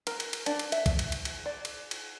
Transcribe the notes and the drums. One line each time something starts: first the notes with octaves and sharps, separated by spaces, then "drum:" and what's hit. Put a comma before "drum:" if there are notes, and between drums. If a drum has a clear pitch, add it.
A#4, drum: cymbal
drum: cymbal
drum: cymbal
D4, drum: cymbal
drum: cymbal
E5, drum: cymbal
drum: kick, cymbal
drum: cymbal
drum: cymbal
drum: cymbal
D5
drum: cymbal
drum: cymbal